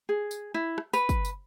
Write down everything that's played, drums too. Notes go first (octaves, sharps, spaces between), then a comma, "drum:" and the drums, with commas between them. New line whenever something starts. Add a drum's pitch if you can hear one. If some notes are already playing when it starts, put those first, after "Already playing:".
G#4
drum: tambourine
E4
drum: rim click
B4, drum: tambourine
drum: kick, tambourine
drum: tambourine